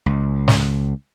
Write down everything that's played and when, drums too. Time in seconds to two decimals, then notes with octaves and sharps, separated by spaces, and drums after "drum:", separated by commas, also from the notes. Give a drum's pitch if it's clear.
0.06 C#2
0.48 drum: snare